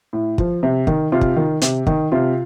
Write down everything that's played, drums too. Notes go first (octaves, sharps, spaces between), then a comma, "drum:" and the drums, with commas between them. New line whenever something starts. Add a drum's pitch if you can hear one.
A2
F3, drum: kick
C3
D#3, drum: kick
C3 F4
drum: kick
D#3
C3, drum: hi-hat
D#3, drum: kick
C3 F4